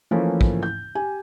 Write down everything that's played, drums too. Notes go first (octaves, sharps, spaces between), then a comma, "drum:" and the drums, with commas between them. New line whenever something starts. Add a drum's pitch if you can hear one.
E3 F3 A3 A#3 C#4 E4
drum: kick
G6
G4 G#5